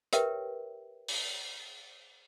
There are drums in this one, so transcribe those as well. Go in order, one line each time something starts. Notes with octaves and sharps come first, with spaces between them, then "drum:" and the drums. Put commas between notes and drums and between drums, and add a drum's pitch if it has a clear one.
G4 A#4 B4 C#5 E5 G5, drum: hi-hat
drum: open hi-hat